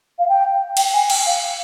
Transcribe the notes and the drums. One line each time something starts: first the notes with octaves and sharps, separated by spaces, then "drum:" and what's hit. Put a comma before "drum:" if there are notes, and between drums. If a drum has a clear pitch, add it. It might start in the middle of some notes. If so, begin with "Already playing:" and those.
F5
G5
G5, drum: cymbal
G#5
G5, drum: cymbal
F5